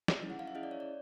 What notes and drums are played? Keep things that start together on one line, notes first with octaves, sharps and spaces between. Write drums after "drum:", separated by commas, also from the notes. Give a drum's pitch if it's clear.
drum: snare
C#4 E4 G#4
F#5
F5
E5
C#4 E4 G#4 D#5
D5
C#5
D5